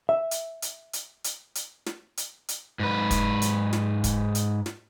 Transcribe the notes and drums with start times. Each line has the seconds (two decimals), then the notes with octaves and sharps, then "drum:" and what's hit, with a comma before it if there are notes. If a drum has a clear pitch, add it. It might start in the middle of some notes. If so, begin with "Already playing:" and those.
0.09 E5
0.31 drum: hi-hat
0.62 drum: hi-hat
0.93 drum: hi-hat
1.24 drum: hi-hat
1.55 drum: hi-hat
1.86 drum: snare
2.17 drum: hi-hat
2.48 drum: hi-hat
2.80 G#2 B4
3.11 drum: kick, hi-hat
3.42 drum: hi-hat
3.73 drum: snare
4.04 drum: kick, hi-hat
4.35 drum: hi-hat
4.66 drum: snare